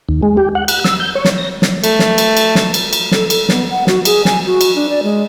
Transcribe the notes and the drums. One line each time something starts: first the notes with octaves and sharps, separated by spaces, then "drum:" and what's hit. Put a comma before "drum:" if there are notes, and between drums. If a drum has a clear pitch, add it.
D#2
G#3
G4
F#5
F#6, drum: cymbal
E6, drum: snare
G6
C#5
drum: snare
A#6
drum: snare
A3, drum: cymbal
drum: snare
drum: cymbal
drum: cymbal
drum: snare
drum: cymbal
drum: cymbal
A4, drum: snare
A4, drum: cymbal
B3, drum: snare
F#5
F#4, drum: snare
G#4, drum: cymbal
G#5, drum: snare
F#4
drum: cymbal
D4
D5
G#3